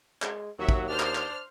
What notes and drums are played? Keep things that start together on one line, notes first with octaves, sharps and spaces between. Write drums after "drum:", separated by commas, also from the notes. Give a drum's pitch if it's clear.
G#3, drum: clap
D#2 F#3 F#4 E5
drum: kick
D4 C5 F6
drum: clap
drum: clap